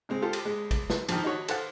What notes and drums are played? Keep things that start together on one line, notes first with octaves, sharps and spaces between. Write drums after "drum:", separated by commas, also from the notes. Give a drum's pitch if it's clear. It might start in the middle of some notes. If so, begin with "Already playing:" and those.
C#3 G#3 C4
F4 G4 A4 C5
drum: cymbal
G#3
drum: kick, cymbal
drum: snare
D#3 F3, drum: cymbal
D#4 F#4 C#5
A4 C5 F5 F#5 A5, drum: cymbal